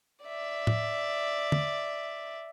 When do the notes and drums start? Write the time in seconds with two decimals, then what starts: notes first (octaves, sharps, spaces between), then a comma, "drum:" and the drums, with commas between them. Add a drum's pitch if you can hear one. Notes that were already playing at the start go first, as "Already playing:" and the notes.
0.25 D5 E5
0.67 drum: tom A2
1.52 drum: tom